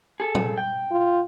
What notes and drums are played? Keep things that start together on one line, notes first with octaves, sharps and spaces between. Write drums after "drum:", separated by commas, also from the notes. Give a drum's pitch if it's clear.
G#4 A4
drum: tom
G5
F4